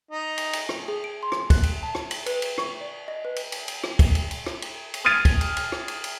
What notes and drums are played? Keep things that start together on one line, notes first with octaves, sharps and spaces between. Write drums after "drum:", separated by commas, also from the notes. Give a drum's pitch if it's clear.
D#4
drum: cymbal
drum: cymbal
drum: rim click
G#4
D7
C6
drum: rim click
F#6, drum: kick, cymbal
drum: cymbal
A5
drum: rim click
F#7, drum: cymbal
B4, drum: cymbal
drum: cymbal
C#6, drum: rim click
D5
D#5
B4
drum: cymbal
drum: cymbal
drum: cymbal
drum: rim click
drum: kick, cymbal
drum: cymbal
drum: cymbal
drum: rim click
drum: cymbal
drum: cymbal
D#6 F6 G#6 A6 D#7
drum: kick, cymbal
drum: cymbal
drum: cymbal
drum: rim click
drum: cymbal
drum: cymbal